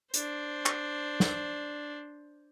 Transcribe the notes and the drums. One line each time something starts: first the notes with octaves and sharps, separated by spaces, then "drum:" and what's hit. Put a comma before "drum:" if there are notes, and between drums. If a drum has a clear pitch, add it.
D4 C5, drum: hi-hat
drum: clap
drum: snare